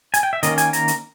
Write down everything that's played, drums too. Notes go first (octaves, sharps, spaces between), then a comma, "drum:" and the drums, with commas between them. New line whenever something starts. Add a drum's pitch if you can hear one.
G#5, drum: hi-hat
G5
E5
D#3 A#3 C#4 D#5, drum: hi-hat
G#5, drum: hi-hat
A#5, drum: hi-hat
drum: hi-hat